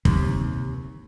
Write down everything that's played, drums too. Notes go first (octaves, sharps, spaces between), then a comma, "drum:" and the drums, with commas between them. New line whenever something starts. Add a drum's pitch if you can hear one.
D#2 C3, drum: kick